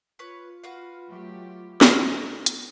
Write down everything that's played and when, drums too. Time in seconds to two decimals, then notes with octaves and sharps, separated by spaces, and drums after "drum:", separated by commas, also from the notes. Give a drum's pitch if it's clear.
0.19 F4 B4 C#5
0.63 F#4 B4 F5
1.08 F#3 A3 G4
1.81 drum: snare
1.92 A#4
2.46 drum: hi-hat